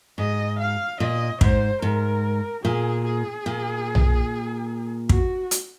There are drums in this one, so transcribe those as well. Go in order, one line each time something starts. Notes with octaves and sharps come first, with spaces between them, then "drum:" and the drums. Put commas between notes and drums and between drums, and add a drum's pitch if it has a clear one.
G#2 D#5
F5
A#2 D#5
G#2 C5, drum: kick
G#2 A#4
A#2 G#4
G#4
A#2
drum: tom B1
F#4, drum: kick
drum: hi-hat